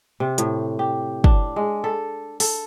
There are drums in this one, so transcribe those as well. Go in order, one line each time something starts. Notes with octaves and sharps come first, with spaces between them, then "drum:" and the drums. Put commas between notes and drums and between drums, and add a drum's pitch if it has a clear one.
C3
A2, drum: hi-hat
G4
D4, drum: kick
G#3
A4
A4, drum: open hi-hat